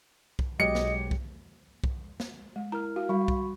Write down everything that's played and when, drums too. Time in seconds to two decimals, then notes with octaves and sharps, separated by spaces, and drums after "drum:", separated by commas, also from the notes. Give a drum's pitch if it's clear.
0.39 drum: kick B1
0.60 B1 F#3 G#3 G4 D#5 C#7
0.75 drum: snare
1.11 drum: kick B1
1.84 drum: kick B1
2.20 drum: snare
2.56 G#3
2.72 E4 A#4 A#5 F6
2.96 F#4 F5
3.09 G3 F#4 B5 C#6
3.28 drum: kick B1